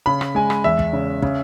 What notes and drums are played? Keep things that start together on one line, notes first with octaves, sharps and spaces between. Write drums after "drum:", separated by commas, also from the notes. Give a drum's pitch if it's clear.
C#3 B5
drum: rim click
G#3 G#5
drum: rim click
E2 E5
drum: kick
C#3
C#3, drum: kick